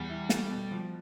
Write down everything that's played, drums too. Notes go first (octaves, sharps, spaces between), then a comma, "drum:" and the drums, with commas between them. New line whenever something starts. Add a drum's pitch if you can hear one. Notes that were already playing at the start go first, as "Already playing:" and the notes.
Already playing: E2 G3
E4
A3, drum: snare
B2
F3